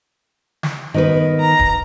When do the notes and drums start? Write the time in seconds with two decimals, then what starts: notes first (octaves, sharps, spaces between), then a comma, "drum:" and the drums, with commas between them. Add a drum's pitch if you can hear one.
0.63 drum: snare
0.94 D#3 B3 B4
1.40 A#5
1.59 drum: kick D1